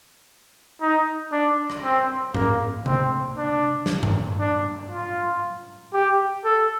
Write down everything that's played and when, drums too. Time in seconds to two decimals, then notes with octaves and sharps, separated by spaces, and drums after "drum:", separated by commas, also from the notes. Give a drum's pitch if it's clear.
0.81 D#4
1.32 D4
1.70 drum: rim click
1.83 C4
2.34 A#3, drum: tom G#2
2.86 C4, drum: tom C3
3.37 D4
3.86 drum: snare
4.03 drum: tom G2
4.39 D4
4.91 F4
5.93 G4
6.45 A4